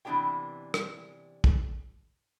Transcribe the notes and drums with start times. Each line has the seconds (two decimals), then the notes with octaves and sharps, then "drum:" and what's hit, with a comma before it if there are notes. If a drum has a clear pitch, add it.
0.05 C3 E3 B3 D4 G4 G5
0.74 drum: rim click
1.44 drum: kick